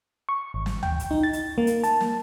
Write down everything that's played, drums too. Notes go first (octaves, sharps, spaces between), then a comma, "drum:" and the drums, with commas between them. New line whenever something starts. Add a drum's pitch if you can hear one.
C#6
G#1
drum: snare
G5, drum: tom
drum: hi-hat
D#4
A6
drum: hi-hat
A#3
drum: hi-hat
A5, drum: hi-hat
drum: snare